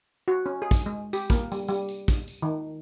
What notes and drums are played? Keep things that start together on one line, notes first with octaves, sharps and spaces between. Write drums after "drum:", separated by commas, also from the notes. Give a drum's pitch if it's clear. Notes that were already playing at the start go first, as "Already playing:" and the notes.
F#4
C#4
G#4
drum: kick, tambourine
G#3
G4, drum: tambourine
A#3, drum: kick, tambourine
G3, drum: tambourine
G3, drum: tambourine
drum: tambourine
drum: kick, tambourine
drum: tambourine
D#3